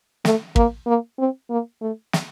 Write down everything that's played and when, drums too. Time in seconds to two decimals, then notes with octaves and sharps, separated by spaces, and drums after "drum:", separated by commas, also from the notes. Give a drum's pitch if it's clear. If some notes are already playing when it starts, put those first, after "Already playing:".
0.25 A3, drum: snare
0.56 A#3, drum: kick
0.87 A#3
1.18 C4
1.50 A#3
1.81 A3
2.13 drum: snare